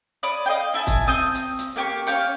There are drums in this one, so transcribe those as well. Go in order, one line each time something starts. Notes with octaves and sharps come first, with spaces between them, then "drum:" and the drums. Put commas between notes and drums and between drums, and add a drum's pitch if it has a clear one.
C#5 D5 B5 D#6
D#5 F5 G5
E4 G#5 A5
drum: kick, hi-hat
C4 D#6 G6
drum: hi-hat
drum: hi-hat
A#3 G4 G5 C#6
C#4 F5 G5 C#6, drum: hi-hat